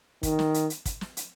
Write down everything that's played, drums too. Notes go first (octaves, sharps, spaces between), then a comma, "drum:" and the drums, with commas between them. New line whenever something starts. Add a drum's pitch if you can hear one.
D#3, drum: kick, hi-hat
drum: snare
drum: hi-hat
drum: hi-hat
drum: kick, hi-hat
drum: snare
drum: hi-hat